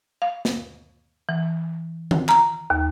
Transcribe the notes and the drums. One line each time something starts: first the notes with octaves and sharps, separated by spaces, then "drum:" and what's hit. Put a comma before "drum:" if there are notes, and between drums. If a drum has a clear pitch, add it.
F5
drum: snare
E3
drum: tom D#3
A#5, drum: clap
D#2